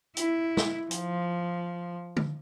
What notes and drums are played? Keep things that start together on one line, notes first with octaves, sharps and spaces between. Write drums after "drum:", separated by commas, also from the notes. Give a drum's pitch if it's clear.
E4, drum: hi-hat
drum: snare
F3, drum: hi-hat
drum: tom